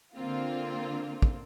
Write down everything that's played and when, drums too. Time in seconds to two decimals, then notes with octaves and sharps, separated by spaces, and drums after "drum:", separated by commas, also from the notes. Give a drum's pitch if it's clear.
0.16 D3 A#3 C4 F4
1.22 drum: kick